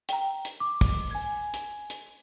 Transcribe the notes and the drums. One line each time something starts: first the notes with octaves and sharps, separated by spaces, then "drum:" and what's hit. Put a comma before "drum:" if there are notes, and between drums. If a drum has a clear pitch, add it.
G5 A#5, drum: hi-hat
drum: hi-hat
D6
drum: kick, open hi-hat
G#5 G#6
drum: hi-hat
drum: hi-hat